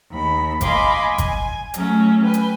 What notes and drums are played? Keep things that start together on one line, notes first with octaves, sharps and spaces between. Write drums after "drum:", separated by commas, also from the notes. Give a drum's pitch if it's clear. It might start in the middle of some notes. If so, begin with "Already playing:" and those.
D#2 B5
D#5 F5 G#5 B5 C6 D6, drum: kick, hi-hat
G#5
drum: kick, hi-hat
F#3 A3 C#4, drum: hi-hat
A3 B4 G5 G#5
drum: hi-hat